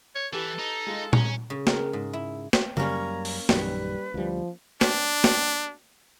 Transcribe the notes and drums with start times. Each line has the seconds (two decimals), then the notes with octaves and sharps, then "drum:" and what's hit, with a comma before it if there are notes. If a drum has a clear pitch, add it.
0.15 C#5
0.33 E3 G4 A4 B4
0.59 D#4
0.87 G#3 F4
1.13 C#4 G#4 G#5 A#5, drum: tom A#2
1.50 C#3
1.67 A#4, drum: snare
1.93 G#2
2.13 E4
2.53 drum: snare
2.77 F#2 G3 A#3 C#4 A#5, drum: tom C#3
3.25 drum: open hi-hat
3.49 A#1 F#2 D#3 G3 B4, drum: snare
4.14 D2 F3 G3
4.81 D4, drum: snare
5.24 drum: snare